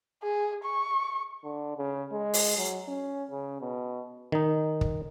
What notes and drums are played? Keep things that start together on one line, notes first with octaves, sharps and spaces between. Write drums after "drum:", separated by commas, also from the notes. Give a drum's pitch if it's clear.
G#4
C#6
D3
C#3
G#3
drum: open hi-hat
F#3
C#4
C#3
B2
D#3 D#4
drum: kick